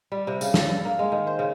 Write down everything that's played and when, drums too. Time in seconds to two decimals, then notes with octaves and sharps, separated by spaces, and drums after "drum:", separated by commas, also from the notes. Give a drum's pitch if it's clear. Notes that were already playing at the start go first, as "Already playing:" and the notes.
0.12 G3
0.27 C3
0.41 C#3, drum: tambourine
0.54 A4, drum: snare
0.69 G2
0.85 A#3
0.99 G#3
1.12 D#3
1.27 C5
1.39 C#3